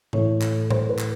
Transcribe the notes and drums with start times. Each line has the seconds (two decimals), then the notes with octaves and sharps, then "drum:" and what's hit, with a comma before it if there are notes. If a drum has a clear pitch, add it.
0.13 A2 E3 A3 C#5, drum: tom G#2
0.42 drum: clap
0.70 C5, drum: tom A2
0.89 B4
0.99 drum: clap